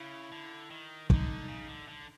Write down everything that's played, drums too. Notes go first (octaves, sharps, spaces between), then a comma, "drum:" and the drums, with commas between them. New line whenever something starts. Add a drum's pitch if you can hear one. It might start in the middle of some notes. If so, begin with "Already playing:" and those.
Already playing: C#3 E4
D3
D#3
D3 D#4, drum: kick
C#3
D3
D3